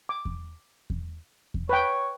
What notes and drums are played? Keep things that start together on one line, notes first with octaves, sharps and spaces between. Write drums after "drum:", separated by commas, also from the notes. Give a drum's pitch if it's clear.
D6
drum: kick E2
drum: kick E2
drum: kick E2
B4 C#5 G5